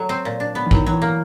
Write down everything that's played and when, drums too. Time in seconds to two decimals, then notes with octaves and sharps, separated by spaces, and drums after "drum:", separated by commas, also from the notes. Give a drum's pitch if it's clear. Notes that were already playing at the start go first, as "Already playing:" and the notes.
Already playing: F#3 A3
0.09 C4
0.25 A#2
0.40 D4
0.55 B3
0.66 E3
0.71 D#3 F#3, drum: kick A#1
0.86 E3 F#3
1.02 A#3